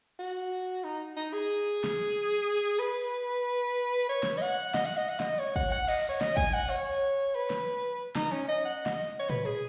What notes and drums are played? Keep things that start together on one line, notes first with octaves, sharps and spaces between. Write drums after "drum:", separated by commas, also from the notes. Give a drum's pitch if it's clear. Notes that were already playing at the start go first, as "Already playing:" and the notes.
F#4
D#4
D#4
G#4
drum: snare
B4
C#5
drum: snare
D#5
F#5
D#5, drum: snare
F#5
D#5
F#5
D#5, drum: snare
C#5
F#5, drum: kick
F#5
D#5, drum: cymbal
C#5
D#5, drum: snare
G#5, drum: kick
F#5
C#5
B4
drum: snare
D#4, drum: snare
C#4
D#5
F#5
D#5, drum: snare
C#5
B4, drum: tom A2
G#4